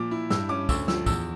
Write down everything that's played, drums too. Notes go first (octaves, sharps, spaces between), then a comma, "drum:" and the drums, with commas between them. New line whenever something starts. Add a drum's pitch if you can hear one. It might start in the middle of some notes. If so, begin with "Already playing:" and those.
Already playing: A#2 F3 D6
E4
G2 E6, drum: snare
C#4 D6
D2 E6, drum: kick, tambourine
F3 E6, drum: snare
E2 E6, drum: kick, tambourine